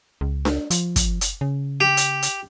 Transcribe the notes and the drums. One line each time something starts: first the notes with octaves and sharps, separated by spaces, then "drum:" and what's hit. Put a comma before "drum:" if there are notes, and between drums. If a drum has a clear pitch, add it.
C#2
drum: snare D4
F3, drum: hi-hat
drum: kick, hi-hat
drum: hi-hat
C#3
G4
drum: hi-hat
drum: hi-hat